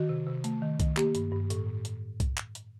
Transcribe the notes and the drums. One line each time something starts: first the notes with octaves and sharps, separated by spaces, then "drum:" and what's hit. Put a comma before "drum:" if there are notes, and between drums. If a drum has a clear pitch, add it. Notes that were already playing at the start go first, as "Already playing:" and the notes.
Already playing: D#3 F#4
C3
C3
A3, drum: hi-hat
D#3
D#3, drum: kick C2, hi-hat
A#3 G4, drum: clap
G2, drum: hi-hat
G2
A2, drum: hi-hat
A2
drum: hi-hat
drum: kick C2, hi-hat
drum: clap
drum: hi-hat